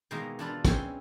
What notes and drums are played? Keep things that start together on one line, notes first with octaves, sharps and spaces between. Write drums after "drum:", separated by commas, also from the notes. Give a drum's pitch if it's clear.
B2 D#3 E3 G#3 A#3
E3 D4 F4 B4
E3 C4 C#4 G#4 G5, drum: kick, hi-hat